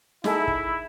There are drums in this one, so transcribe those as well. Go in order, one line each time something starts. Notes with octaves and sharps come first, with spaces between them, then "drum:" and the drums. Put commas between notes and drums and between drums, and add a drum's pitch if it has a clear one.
D#4 E4 G#4 A4, drum: snare
drum: kick